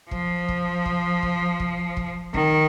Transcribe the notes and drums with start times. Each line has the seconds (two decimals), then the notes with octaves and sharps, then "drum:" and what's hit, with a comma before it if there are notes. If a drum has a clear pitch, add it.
0.11 F3, drum: kick
0.48 drum: kick
0.86 drum: kick
1.23 drum: kick
1.60 drum: kick
1.97 drum: kick
2.34 D#3, drum: kick